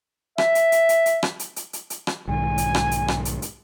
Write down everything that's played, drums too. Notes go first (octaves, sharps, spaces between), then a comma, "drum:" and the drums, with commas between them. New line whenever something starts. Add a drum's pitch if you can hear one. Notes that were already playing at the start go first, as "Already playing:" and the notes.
E5, drum: rim click
drum: hi-hat
drum: hi-hat
drum: hi-hat
drum: hi-hat
drum: rim click
drum: hi-hat
drum: hi-hat
drum: hi-hat
drum: hi-hat
drum: rim click
B1 G#2 D#3 G#5
drum: hi-hat
drum: rim click
drum: hi-hat
drum: rim click
drum: hi-hat
drum: hi-hat